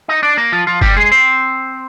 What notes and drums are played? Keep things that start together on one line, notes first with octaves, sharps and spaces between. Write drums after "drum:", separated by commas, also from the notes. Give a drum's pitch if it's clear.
D#4 D#5
D4 D5
A#3 A#4
F3 F4
F3 F4
G3 G4, drum: kick F#1
G#3 G#4
C4 C5